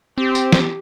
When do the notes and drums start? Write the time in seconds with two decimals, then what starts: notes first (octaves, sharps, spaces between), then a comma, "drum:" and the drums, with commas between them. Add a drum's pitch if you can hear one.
0.18 C4 G4
0.35 drum: tambourine
0.52 drum: snare